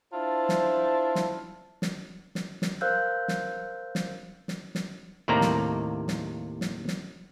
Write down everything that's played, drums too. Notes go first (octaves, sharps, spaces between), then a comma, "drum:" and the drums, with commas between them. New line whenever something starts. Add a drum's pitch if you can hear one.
D4 E4 F4 C5 A5
drum: snare
drum: snare
drum: snare
drum: snare
drum: snare
A#4 C5 F5 E6 F#6 G6
drum: snare
drum: snare
drum: snare
drum: snare
D#2 A2 C3 A#3 D5 A#5
drum: snare
drum: snare
drum: snare
drum: snare